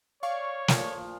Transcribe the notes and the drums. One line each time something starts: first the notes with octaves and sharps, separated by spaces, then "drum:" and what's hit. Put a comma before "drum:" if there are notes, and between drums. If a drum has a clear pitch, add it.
C#5 D5 F5 C#6
A#2 F3, drum: snare